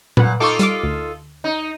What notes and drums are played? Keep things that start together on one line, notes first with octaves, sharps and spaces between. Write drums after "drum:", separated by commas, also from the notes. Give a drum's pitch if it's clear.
A#2 B4 F#5, drum: tom A#2
D#4 F4 A4 C#6 D6
G3 F5 D6, drum: hi-hat
D2
D#4